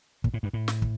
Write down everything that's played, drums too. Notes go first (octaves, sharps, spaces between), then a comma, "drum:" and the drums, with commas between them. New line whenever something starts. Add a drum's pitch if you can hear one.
A#2, drum: kick
A2
G2
A2
drum: snare
drum: kick